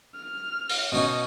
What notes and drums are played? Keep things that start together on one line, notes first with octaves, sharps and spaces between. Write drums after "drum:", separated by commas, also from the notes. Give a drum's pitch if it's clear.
F6
drum: open hi-hat
B2 C#4 D#4 D#5